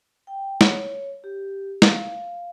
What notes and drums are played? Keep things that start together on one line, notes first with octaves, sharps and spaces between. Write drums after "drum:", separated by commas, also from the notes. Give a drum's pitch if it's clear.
G5
C#5, drum: snare
G4
F5, drum: snare